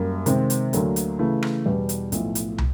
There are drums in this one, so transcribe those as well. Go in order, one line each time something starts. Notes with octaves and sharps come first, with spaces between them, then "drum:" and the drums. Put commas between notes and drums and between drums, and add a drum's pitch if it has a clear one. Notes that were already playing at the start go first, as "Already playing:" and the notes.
Already playing: F#2 G3 A#3
C3 D#3 G#3 C4, drum: hi-hat
drum: hi-hat
D2 D3 F#3 A#3, drum: hi-hat
drum: hi-hat
C#3 E3 A3
drum: rim click
E2 B2 G3
drum: hi-hat
B1 A2 F3, drum: hi-hat
drum: hi-hat
drum: tom